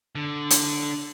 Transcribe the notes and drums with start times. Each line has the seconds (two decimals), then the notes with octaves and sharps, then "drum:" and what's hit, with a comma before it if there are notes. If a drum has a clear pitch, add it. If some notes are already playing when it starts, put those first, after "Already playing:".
0.15 D3
0.50 drum: hi-hat